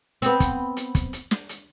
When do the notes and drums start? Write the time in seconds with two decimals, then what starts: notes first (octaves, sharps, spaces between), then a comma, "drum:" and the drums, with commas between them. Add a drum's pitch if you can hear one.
0.22 B3 C4, drum: hi-hat
0.40 drum: kick, hi-hat
0.77 drum: hi-hat
0.95 drum: kick, hi-hat
1.13 drum: hi-hat
1.31 drum: snare
1.49 drum: hi-hat